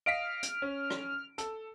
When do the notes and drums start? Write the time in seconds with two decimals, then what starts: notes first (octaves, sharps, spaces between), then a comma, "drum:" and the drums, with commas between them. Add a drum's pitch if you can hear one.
0.06 D#5 F5 F6 B6 D7
0.43 drum: hi-hat
0.62 C#4
0.90 drum: rim click
1.38 A4, drum: hi-hat